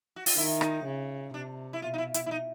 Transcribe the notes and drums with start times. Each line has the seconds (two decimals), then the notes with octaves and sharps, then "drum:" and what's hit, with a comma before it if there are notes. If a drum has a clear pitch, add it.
0.16 F#4
0.26 F4, drum: open hi-hat
0.36 D#3 E4
0.61 D#4, drum: rim click
0.85 C#3
1.34 C3 D4
1.73 E4
1.82 B2 F4
1.94 D#4
1.98 E4
2.14 E4, drum: hi-hat
2.26 E4
2.31 D#4